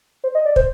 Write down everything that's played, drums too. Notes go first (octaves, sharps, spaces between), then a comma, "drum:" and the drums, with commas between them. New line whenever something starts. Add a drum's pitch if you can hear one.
C5
D#5
D5
C5, drum: kick